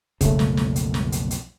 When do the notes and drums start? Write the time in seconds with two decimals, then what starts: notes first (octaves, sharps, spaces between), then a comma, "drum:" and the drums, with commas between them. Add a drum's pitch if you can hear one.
0.21 B1 F2 A#2 C#3 A3, drum: kick D#1, hi-hat
0.39 drum: snare
0.57 drum: snare
0.76 drum: hi-hat
0.94 drum: snare
1.12 drum: hi-hat
1.31 drum: hi-hat